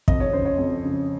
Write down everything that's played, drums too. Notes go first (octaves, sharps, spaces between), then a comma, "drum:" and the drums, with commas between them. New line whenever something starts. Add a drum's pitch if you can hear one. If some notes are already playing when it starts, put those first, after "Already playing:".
F2 D#5, drum: kick
C#5
C#3 C5
C#5
F2
C#3